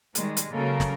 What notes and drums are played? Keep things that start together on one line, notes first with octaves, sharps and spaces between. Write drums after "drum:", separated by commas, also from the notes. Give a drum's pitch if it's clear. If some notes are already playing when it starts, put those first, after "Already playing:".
D#3 G3 G#3, drum: hi-hat
drum: hi-hat
C#3 F#3 A#3 A4 A#4
drum: snare